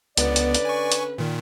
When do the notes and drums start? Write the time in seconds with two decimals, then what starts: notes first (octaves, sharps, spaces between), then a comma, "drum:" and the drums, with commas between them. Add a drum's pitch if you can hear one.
0.17 C#2 D3 B3 C#4 B4 D5, drum: hi-hat
0.36 drum: hi-hat
0.55 drum: hi-hat
0.65 G#5 C#6
0.92 drum: hi-hat
1.18 A#2 D#3